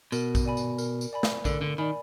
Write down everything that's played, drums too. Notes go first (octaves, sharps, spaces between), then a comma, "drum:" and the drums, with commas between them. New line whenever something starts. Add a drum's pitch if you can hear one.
B2 A#4, drum: tambourine
drum: kick A#1, tambourine
D5 G#5 B5
drum: tambourine
A#4, drum: tambourine
drum: tambourine
D5 G#5 B5
drum: snare
D3 A#4, drum: kick A#1, tambourine
D3
D#3 D5 G#5 B5